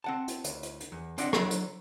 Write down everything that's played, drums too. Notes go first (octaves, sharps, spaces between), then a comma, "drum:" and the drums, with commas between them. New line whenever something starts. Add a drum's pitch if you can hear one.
C4 F#5 A5
drum: hi-hat
D2, drum: hi-hat
drum: hi-hat
drum: hi-hat
E2
C4 D4 D5 D#5 F#5, drum: hi-hat
D3 F#3, drum: rim click
drum: hi-hat